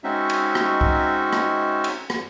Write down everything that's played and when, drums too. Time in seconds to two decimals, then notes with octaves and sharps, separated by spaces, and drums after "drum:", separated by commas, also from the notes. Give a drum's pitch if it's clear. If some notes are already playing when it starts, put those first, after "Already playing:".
0.04 G#3 C4 C#4 D#4 F#4 E5
0.30 drum: cymbal
0.55 drum: rim click
0.81 drum: kick C2
1.33 drum: rim click
1.84 drum: cymbal
2.10 drum: rim click